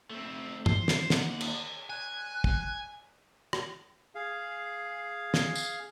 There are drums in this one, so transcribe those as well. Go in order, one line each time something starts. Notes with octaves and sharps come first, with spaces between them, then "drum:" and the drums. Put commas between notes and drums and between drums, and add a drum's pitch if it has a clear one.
A3 C4
C5, drum: tom
drum: snare
D#2 F#5, drum: snare
drum: cymbal
G#5 F#6
drum: kick
drum: rim click
G#4 F5
drum: snare
drum: tambourine